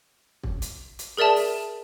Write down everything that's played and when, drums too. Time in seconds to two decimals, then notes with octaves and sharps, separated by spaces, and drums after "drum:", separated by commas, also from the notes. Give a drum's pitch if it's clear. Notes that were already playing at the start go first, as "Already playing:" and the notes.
0.43 drum: kick
0.62 drum: hi-hat
0.99 drum: hi-hat
1.17 G#4 A#4 D5 E5 A5
1.36 drum: open hi-hat